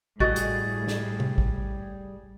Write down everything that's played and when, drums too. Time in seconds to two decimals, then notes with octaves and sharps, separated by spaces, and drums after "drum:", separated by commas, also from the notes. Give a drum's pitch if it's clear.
0.20 A2 G3 F#4 G#4 A4 D#5 A6, drum: kick A1
0.36 drum: hi-hat
0.88 drum: snare
1.20 drum: tom C3
1.38 drum: kick A1